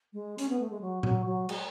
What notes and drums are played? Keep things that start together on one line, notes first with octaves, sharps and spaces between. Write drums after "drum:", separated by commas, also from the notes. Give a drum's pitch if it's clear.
G#3
C#4, drum: hi-hat
B3
A3
G#3
F#3
F#3, drum: tom A#2
F#3
G#3, drum: cymbal